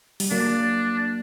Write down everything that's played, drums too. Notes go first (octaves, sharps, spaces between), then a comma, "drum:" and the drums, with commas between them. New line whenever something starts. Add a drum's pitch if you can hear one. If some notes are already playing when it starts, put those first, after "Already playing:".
G3, drum: open hi-hat
F#3 A#3 D4